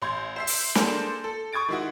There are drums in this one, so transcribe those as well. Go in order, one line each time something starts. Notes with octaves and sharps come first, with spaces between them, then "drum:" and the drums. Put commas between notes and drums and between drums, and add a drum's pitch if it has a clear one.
A1 C6 G6 G#6
C5 E5 C7
drum: open hi-hat
A#3 D4 G#4 A4 C5, drum: snare
A4
C#6 D#6 G#6 A6 D7
D#3 G#3 E4 F#4